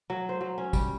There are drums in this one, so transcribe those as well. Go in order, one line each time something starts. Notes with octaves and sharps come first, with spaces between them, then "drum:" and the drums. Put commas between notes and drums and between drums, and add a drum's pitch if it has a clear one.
F#3
C5
F#3
C#4
G3, drum: kick, tambourine